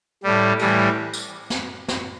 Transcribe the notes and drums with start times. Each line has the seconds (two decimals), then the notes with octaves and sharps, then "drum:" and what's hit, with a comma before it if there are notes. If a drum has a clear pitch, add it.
0.23 A2 G3
0.59 A2 E3 G3, drum: cymbal
1.13 drum: tambourine
1.50 drum: snare
1.88 drum: snare